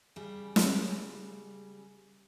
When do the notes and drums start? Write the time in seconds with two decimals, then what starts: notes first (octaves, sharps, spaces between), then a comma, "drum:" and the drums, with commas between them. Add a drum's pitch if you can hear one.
0.16 C#3 G3
0.56 drum: snare